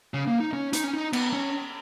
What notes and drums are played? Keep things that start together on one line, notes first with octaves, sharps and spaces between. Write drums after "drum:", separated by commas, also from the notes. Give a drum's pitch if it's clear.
C#3
A#3
D#4
C#4
D#4, drum: hi-hat
C#4
D#4
B3, drum: cymbal
C#4